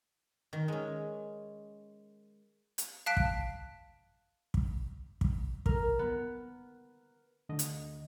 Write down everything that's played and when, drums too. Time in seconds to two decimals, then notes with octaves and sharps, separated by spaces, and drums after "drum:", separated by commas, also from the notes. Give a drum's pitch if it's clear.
0.53 D#3
0.68 G#3 C#4
2.78 drum: hi-hat
3.06 F5 A5 F#6 B6 D7
3.17 drum: kick
4.54 drum: kick
5.21 drum: kick
5.66 A#4, drum: kick
5.99 B3
7.49 D2 D3 D#5
7.59 drum: hi-hat